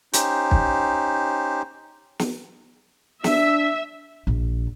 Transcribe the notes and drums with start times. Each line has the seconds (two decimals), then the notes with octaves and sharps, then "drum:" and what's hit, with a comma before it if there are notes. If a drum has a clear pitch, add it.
0.13 C#4 D#4 G4 C5, drum: hi-hat
0.51 drum: kick
2.19 drum: snare
3.24 D4 E5, drum: snare
4.27 A#1